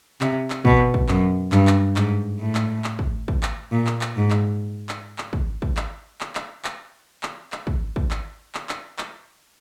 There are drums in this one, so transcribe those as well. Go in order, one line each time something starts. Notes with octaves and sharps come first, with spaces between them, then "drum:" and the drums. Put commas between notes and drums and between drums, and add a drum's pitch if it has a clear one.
C3, drum: clap
drum: clap
B2, drum: kick
drum: kick
F#2, drum: clap
G2, drum: clap
drum: clap
G#2, drum: clap
A2
drum: clap
drum: clap
drum: kick
drum: kick
drum: clap
A#2
drum: clap
drum: clap
G#2
drum: clap
drum: clap
drum: clap
drum: kick
drum: kick
drum: clap
drum: clap
drum: clap
drum: clap
drum: clap
drum: clap
drum: kick
drum: kick
drum: clap
drum: clap
drum: clap
drum: clap